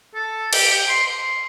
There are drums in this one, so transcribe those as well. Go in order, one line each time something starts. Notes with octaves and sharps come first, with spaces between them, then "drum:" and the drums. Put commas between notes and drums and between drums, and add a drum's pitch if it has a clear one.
A4
G4, drum: cymbal
G4
C6
C6